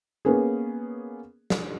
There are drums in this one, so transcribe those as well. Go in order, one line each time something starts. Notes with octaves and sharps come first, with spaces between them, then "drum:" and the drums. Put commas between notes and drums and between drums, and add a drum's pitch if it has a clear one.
A#3 B3 C#4 G#4
drum: snare